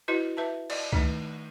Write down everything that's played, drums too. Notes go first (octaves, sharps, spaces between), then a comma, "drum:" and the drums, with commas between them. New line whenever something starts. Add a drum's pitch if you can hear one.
E4 F#4 B4 D#5
B4 E5 A5
D5 D#5, drum: cymbal
D#3 A3 D#4, drum: kick